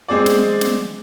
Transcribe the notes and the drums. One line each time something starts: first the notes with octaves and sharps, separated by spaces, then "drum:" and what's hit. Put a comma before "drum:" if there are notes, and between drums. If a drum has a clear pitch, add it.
G#3 C4 G#4 D5
drum: snare
drum: snare